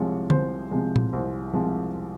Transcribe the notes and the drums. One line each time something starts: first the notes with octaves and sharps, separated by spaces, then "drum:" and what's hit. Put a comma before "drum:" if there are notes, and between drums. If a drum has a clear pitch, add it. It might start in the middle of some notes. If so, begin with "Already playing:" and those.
Already playing: C2 C3 F3 G#3 C#5
C2 C5, drum: tom D3
C3 F3 G#3
drum: tom A#2
C2 C5
C3 F3 G#3